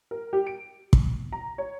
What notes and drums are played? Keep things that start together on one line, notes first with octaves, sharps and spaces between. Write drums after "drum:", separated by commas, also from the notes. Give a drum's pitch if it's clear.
A#4
G4
D7
drum: kick
A#5
C#5